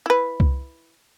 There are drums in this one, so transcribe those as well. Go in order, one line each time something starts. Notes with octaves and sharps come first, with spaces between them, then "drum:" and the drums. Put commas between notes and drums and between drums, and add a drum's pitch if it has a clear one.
E4 B4
drum: kick C2